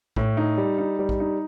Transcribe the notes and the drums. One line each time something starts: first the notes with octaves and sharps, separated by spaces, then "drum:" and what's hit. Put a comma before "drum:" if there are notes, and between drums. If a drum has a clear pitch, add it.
A2, drum: kick
D#4
G3
D#4
G3
drum: kick
D#4